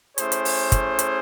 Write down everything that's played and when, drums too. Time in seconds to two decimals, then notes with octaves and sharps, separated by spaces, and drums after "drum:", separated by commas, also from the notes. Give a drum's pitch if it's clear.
0.18 A3 C#4 E4 G#4 C5, drum: hi-hat
0.32 drum: hi-hat
0.45 drum: open hi-hat
0.72 drum: kick, hi-hat
0.99 drum: hi-hat